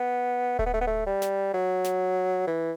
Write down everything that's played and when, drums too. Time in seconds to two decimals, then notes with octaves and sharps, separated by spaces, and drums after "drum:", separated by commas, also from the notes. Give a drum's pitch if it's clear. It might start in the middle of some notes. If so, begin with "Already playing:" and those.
Already playing: B3
0.59 A3, drum: kick D1
0.66 B3
0.74 A3
0.81 B3
0.87 A3
1.06 G3
1.22 drum: snare
1.54 F#3
1.84 drum: snare
2.47 E3